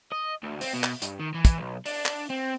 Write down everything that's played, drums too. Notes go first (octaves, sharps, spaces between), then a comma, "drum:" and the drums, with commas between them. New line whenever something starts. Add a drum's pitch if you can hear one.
D#5
D2
C4, drum: open hi-hat
B2
drum: clap
G2, drum: hi-hat
D#3
E3
drum: kick, hi-hat
B1
D4, drum: open hi-hat
drum: clap
C4